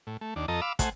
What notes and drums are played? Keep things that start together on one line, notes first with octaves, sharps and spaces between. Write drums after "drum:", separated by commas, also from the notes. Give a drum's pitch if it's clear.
A2
A3
D#2 D4
F2 A4 D#5 A#5
F5 B5 D6 E6
A3 C5 F#5 G#5, drum: kick, hi-hat